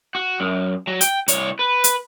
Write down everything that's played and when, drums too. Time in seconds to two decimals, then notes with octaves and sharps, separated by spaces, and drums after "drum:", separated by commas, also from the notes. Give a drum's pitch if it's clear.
0.15 F#4
0.40 F#2
0.87 F#3
1.01 G5, drum: hi-hat
1.28 C2 C#5, drum: hi-hat
1.59 B4
1.84 drum: hi-hat